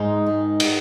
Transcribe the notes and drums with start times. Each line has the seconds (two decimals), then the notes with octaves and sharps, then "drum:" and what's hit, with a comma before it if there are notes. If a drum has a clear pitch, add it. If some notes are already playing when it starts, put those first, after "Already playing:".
Already playing: G#2 G#3 D#4
0.27 D#3
0.60 drum: cymbal